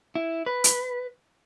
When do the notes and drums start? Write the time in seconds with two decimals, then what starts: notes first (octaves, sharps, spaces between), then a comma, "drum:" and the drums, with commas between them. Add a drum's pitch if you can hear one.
0.15 E4
0.46 B4
0.64 drum: hi-hat